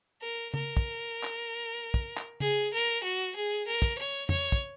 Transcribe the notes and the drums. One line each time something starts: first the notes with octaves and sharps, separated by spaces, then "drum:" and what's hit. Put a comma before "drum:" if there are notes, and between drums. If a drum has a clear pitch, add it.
A#4
A#4, drum: tom
drum: kick
drum: clap
drum: kick
drum: clap
G#4, drum: tom
A#4
F#4
G#4
A#4
drum: kick
C#5
C#5, drum: tom F2
drum: kick